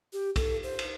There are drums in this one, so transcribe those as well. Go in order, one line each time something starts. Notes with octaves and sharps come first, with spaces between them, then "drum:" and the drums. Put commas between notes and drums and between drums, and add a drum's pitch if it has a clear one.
G4
A4, drum: kick, cymbal
C5
drum: cymbal